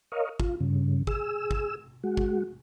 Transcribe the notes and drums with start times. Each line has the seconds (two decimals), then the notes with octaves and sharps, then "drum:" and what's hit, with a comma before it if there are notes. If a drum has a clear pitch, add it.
0.12 A#4 C#5 D#5 F5
0.40 F4, drum: kick
0.60 G2 C#3
1.07 G#4 E6, drum: kick
1.51 drum: kick
2.04 G#3 F#4
2.17 drum: kick